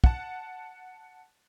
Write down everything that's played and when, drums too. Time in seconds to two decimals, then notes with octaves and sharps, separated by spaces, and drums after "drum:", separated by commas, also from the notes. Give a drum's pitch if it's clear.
0.04 F#5 A5, drum: kick